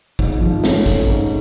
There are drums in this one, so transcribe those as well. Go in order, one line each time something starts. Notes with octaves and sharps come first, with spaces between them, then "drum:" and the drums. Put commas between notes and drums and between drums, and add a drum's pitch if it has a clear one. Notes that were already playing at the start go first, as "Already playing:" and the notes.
G#2, drum: kick A1
F3
C#4, drum: snare
A3, drum: kick A1, hi-hat
G#2